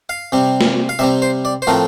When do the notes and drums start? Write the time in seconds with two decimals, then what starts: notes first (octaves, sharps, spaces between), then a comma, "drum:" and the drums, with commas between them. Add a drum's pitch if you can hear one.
0.09 F5
0.32 C3 G3 C4
0.61 drum: snare
0.89 F5
0.99 C3 G3 C4 E5
1.22 C5
1.45 D5
1.62 C5
1.67 A2 F3 A3 C4 A#4